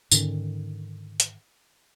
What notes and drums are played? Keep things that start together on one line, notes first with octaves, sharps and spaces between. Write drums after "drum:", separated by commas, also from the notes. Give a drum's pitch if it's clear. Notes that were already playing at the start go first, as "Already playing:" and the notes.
G#2 D3 D#3 C#4, drum: tambourine
drum: hi-hat